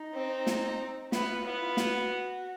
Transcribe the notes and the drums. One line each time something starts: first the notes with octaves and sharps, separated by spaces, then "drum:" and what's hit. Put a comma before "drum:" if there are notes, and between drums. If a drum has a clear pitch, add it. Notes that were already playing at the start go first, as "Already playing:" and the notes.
Already playing: D#4
C4
drum: snare
B3 E4, drum: snare
F#4
F4
B3 E4
F4
F#4, drum: snare